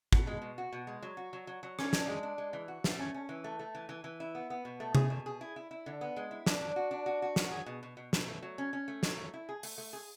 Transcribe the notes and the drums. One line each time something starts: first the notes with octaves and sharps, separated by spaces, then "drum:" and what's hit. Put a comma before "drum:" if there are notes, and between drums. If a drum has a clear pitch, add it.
B2, drum: kick
G#3
B2
F#4
B2
G#3
F#3
F#4
F#3
F#3
F#3
C#4, drum: rim click
D4, drum: snare
G#3
D4
G#3
E3
F#4
A3, drum: snare
C#4
C#4
E3
A3
A3
E3
E3
E3
E4
B3
B3
B2
A3
G#4, drum: tom C3
B2
G#4
E4
E4
E4
D3
B3
G#3
E4
D4, drum: snare
D4
F#4
D4
F#4
F#4
F#3, drum: snare
G#4
B2
B2
B2
B2, drum: snare
A3
F#3
C#4
C#4
A3
F#3, drum: snare
A3
E4
G#4
A3, drum: open hi-hat
A3
G#4